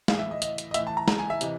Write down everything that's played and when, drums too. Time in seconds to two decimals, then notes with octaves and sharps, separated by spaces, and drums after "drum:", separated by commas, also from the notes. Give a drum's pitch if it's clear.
0.08 A2 E3 F5, drum: snare
0.19 E5
0.31 D#5
0.42 D#5, drum: hi-hat
0.58 drum: hi-hat
0.71 D#5
0.74 A2 E3 E5, drum: hi-hat
0.87 A5
0.97 A#5
1.08 A#5, drum: snare
1.19 G#5
1.30 E5
1.41 C3 E3 D#5, drum: hi-hat